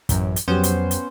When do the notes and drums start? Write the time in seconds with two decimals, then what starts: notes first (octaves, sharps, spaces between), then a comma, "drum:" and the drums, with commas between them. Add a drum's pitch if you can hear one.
0.09 A1 F#2, drum: kick, hi-hat
0.36 drum: hi-hat
0.48 F2 F#3 B3 C#4 G4 C5
0.63 drum: hi-hat
0.91 drum: hi-hat